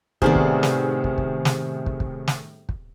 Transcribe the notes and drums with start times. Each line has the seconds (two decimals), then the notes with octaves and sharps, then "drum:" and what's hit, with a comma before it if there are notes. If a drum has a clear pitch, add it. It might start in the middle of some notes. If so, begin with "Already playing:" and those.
0.22 A2 C3 D#3 B3 G#4 D5, drum: kick
0.35 drum: kick
0.63 drum: snare
1.04 drum: kick
1.18 drum: kick
1.45 drum: snare
1.86 drum: kick
2.00 drum: kick
2.28 drum: snare
2.69 drum: kick